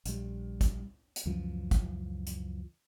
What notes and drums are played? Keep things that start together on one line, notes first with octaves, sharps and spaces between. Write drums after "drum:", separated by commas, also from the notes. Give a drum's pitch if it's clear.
A#1 G3, drum: hi-hat
drum: kick, hi-hat
drum: hi-hat
C#2 F#2 E3 F3
drum: kick, hi-hat
drum: hi-hat